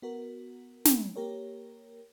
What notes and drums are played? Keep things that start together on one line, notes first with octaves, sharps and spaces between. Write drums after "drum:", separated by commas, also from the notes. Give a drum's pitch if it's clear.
B3 F#4 A#4
drum: snare
A#3 G4 A#4 C#5